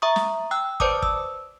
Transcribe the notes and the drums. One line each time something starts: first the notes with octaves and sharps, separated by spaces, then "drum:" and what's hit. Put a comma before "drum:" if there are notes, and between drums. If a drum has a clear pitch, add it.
E5 A#5 C#6 D#6
drum: snare
G5 E6 F#6
B4 C5 D5 A5 D6 D#6, drum: kick
E6, drum: kick